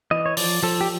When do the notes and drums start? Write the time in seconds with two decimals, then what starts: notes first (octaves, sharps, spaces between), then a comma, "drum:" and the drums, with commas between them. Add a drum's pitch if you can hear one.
0.11 E3 D#5
0.26 C#5
0.37 F3 D5, drum: open hi-hat
0.63 F3 A4
0.81 G4